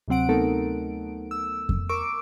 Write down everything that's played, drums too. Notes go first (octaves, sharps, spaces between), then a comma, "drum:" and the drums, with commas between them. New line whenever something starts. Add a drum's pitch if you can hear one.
D2 C3 F#3 C4 F#5 D7
A3 B3 D#4 A4 A#4
E6
drum: kick F2
A#4 C#6 D6 E6 D7